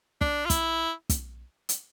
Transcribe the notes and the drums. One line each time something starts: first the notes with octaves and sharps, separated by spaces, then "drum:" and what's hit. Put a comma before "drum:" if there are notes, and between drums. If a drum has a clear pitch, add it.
D4, drum: kick
F4
E4, drum: kick, hi-hat
drum: kick, hi-hat
drum: hi-hat